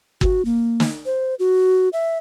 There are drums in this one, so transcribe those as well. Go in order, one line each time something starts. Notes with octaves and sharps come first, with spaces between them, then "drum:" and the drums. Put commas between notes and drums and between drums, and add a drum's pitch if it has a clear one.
F#4, drum: kick
A#3
drum: snare
C5
F#4
E5